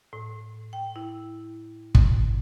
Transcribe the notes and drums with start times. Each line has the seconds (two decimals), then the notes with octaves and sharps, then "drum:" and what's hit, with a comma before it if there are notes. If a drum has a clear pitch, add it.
0.13 A2
0.73 G5
0.96 E4
1.95 drum: kick